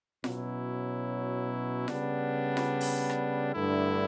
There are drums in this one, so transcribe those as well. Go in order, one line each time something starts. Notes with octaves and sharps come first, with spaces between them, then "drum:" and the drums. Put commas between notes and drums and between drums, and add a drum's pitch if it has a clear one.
B2 F#3 C#4 E4, drum: snare F4
C#3 G3 B3 D4, drum: snare F4
drum: snare F4
drum: open hi-hat
drum: rim click
G2 D3 A3 E4